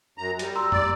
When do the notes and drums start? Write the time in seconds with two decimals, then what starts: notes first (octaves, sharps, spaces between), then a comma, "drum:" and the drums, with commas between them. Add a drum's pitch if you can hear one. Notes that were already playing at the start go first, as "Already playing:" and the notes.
0.18 F#2 A#5
0.39 G3, drum: hi-hat
0.56 A#5 C6 E6
0.72 D5, drum: tom F#2